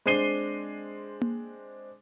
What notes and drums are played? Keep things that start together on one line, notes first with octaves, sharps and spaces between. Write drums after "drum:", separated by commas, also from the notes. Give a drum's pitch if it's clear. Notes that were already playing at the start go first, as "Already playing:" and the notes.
G#3 C4 D4 C7 D#7 G7
drum: tom A#3